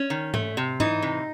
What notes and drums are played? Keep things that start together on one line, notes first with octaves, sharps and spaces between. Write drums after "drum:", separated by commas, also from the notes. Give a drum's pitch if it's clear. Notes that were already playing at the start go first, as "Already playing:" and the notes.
Already playing: C#4
D#3
A3, drum: tom G#2
C3
E3 D#4, drum: tom G#2
C3